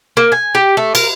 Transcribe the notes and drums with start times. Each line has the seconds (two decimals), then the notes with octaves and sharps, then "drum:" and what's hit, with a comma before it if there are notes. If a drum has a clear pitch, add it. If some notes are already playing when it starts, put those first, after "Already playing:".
0.17 A#3
0.32 G#5
0.55 G4
0.77 A3
0.95 A#4, drum: cymbal